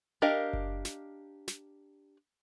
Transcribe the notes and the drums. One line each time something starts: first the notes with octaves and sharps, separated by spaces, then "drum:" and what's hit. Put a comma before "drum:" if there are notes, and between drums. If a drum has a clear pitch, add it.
D4 G4 A#4 D#5 F5
drum: kick F#1
drum: snare
drum: snare